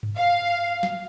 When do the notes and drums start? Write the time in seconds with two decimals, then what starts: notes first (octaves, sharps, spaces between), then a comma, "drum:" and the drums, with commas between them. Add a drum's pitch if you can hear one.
0.03 drum: tom G2
0.16 F5
0.83 drum: snare